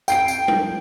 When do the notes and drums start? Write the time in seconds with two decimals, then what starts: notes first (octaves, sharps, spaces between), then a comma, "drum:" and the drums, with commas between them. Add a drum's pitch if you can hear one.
0.08 G5 C7 D7, drum: tambourine
0.28 drum: tambourine
0.48 drum: tom G3